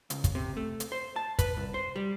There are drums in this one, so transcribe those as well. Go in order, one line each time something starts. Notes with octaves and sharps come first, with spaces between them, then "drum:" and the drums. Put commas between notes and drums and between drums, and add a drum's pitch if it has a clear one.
C#2, drum: hi-hat
drum: kick, hi-hat
C3
A3
drum: hi-hat
C5
A5
B4, drum: kick, hi-hat
C2
C5
G3